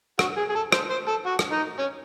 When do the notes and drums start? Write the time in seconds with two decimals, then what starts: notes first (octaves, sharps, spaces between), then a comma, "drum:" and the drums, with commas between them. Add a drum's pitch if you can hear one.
0.19 F#4, drum: rim click
0.37 G#4
0.50 G#4
0.55 A4
0.72 C5, drum: rim click
0.90 C5
1.08 A4
1.26 F#4
1.39 drum: rim click
1.52 D#4
1.79 C#4